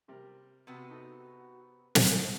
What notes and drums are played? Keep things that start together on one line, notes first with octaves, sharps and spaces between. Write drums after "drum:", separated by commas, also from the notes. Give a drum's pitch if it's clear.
C3 G3 A#4
C3 B3 C4 F#4
D#4 A4
drum: snare
D#3 F3 A3 G#4